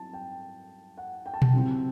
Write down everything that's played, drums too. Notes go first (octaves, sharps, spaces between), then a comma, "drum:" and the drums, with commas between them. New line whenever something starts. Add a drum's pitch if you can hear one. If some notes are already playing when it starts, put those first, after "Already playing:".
Already playing: F#3 C4 E4 A5
G5
F#5
G5
A5
G5, drum: tom B2
C3 F#3 C4 E4